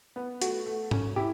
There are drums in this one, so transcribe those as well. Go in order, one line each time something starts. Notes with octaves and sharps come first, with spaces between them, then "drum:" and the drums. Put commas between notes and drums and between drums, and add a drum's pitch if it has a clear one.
B3
A3 F#4, drum: hi-hat
A3
C#4, drum: tom G#2
E4 G4